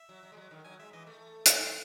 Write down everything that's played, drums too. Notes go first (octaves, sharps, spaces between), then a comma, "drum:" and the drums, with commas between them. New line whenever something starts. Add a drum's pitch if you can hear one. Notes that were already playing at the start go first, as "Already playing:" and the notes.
Already playing: E5
F#3
F#3
G#3
F#3
D#3
F#3 G#5
G#3 E5
E3 D#5
A3
drum: hi-hat